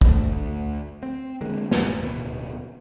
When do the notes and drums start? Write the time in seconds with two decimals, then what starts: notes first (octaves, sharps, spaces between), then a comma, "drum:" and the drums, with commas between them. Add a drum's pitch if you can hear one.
0.01 D2 A3, drum: kick
1.03 C4
1.41 D3 G#3 A#3
1.71 D#1 A#2 A#3, drum: snare
2.01 D1 D#2 B2 B3